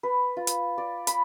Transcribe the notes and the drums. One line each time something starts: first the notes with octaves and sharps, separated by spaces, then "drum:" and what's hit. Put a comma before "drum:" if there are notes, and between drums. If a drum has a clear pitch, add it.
B4
F4
drum: hi-hat
D5
B5, drum: hi-hat